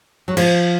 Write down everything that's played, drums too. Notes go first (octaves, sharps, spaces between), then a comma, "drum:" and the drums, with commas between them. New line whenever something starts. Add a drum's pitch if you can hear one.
F#3
F3, drum: cymbal